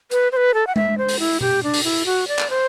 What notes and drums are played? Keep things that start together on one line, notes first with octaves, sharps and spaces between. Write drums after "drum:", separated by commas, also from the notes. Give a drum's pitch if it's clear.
B4, drum: hi-hat
C5
B4
A4
F#5
E5, drum: tom G#3
C5
drum: open hi-hat
E4
G4, drum: tom B2
D4
drum: open hi-hat
E4
F#4
D5
drum: clap
C5